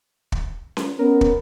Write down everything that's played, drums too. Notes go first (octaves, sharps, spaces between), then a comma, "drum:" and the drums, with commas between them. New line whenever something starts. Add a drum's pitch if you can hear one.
drum: kick
drum: snare C#4
B3 C#4 A#4
drum: kick